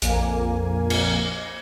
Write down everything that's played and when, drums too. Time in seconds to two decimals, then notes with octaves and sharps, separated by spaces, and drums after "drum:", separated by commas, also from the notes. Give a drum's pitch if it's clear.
0.02 A#1 F2 A#3 G#5, drum: hi-hat
0.90 drum: cymbal